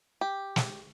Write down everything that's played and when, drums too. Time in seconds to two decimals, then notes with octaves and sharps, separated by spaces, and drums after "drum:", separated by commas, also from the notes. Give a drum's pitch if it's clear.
0.21 G4
0.56 drum: snare